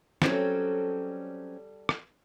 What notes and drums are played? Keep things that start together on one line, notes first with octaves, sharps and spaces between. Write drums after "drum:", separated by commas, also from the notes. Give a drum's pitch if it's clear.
F#3 G3 C4 C#4 A4, drum: snare
drum: rim click